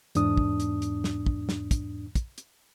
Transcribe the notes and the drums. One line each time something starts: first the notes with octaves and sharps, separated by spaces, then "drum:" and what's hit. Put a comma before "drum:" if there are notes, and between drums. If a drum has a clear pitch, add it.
E2 G#2 D4 D#6, drum: hi-hat
drum: kick
drum: hi-hat
drum: hi-hat
drum: snare
drum: kick
drum: snare
drum: kick, hi-hat
drum: kick, hi-hat
drum: hi-hat